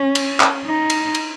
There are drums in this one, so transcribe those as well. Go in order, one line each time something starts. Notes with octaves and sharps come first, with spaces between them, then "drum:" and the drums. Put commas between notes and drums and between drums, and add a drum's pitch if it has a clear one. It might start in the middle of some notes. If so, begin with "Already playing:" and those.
Already playing: C#4
drum: cymbal
drum: clap
D#4
drum: cymbal
drum: cymbal